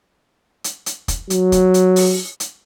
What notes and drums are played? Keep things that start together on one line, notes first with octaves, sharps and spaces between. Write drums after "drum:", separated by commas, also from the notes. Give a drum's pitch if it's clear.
drum: hi-hat
drum: hi-hat
drum: kick, hi-hat
F#3, drum: hi-hat
drum: kick, hi-hat
drum: hi-hat
drum: open hi-hat
drum: hi-hat